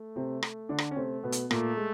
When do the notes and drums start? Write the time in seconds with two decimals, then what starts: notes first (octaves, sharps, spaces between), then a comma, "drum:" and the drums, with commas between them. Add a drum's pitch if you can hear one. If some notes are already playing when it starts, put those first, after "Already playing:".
Already playing: A3
0.16 C3 C4
0.43 drum: rim click
0.69 D3 D4
0.78 drum: rim click
0.91 C#4
0.96 C3 A3 C4
1.23 B2 B3
1.32 drum: hi-hat
1.51 A#2 A3 A#3, drum: rim click
1.77 G#3